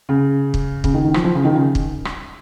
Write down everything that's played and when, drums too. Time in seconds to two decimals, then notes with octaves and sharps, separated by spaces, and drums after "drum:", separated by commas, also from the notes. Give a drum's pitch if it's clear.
0.09 C#3
0.54 drum: kick
0.84 C#3, drum: kick
0.94 D#3
1.04 D#3
1.14 F3, drum: rim click
1.24 F3
1.35 C#3
1.45 D#3
1.55 C#3
1.75 drum: kick
2.05 drum: rim click